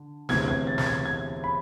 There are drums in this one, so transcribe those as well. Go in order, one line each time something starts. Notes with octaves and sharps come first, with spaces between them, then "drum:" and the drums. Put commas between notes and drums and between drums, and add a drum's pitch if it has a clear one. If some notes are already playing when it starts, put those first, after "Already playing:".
Already playing: D3
E1 D2 C3 E3 G#6, drum: snare
G#6
A6
A6, drum: snare
G#6
G#6
B5